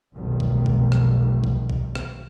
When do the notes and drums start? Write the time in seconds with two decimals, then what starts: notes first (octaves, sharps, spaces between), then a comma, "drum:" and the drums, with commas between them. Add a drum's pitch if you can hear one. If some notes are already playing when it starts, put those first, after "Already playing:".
0.14 F1 B1 D#3 G3
0.40 drum: kick
0.66 drum: kick
0.92 drum: rim click
1.44 drum: kick
1.70 drum: kick
1.95 drum: rim click